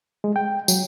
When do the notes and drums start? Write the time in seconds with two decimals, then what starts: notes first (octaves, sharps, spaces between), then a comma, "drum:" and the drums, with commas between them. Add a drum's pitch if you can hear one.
0.24 G#3
0.36 G5
0.68 F#3, drum: tambourine